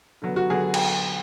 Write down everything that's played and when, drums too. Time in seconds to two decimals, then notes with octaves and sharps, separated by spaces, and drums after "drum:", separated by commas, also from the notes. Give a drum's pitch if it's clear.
0.22 D3 F#3 B3
0.36 F#4
0.50 D3 F#3 B3 G#4
0.74 drum: cymbal